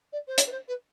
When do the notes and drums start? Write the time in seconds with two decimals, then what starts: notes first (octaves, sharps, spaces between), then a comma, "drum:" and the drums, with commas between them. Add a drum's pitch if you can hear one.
0.13 D5
0.28 C5
0.38 C#5, drum: hi-hat
0.47 B4
0.52 C5
0.68 B4